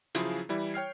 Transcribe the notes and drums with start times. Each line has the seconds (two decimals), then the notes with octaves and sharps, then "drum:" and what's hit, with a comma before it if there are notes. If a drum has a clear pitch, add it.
0.15 C#3 F3 F#3 E4 F4 G#4, drum: hi-hat
0.49 E3 G3 E4
0.74 C#5 G5 F6 C7